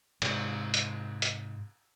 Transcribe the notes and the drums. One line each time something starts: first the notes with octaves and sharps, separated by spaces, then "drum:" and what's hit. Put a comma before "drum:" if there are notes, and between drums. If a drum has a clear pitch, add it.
G#2 C3, drum: cymbal
drum: hi-hat
drum: hi-hat